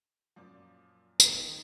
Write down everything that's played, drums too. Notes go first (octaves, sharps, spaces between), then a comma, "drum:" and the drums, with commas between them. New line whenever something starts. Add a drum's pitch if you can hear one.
F#2 A#2 F3 D5 D6
D#3 D#5 G5 A#5 D#6 A6 D7, drum: tambourine